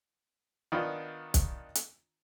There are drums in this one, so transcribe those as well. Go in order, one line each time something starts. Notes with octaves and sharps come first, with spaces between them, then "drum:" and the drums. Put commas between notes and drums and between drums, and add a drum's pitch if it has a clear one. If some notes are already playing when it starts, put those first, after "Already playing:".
D#3 B3 D4 F4
drum: kick, hi-hat
drum: hi-hat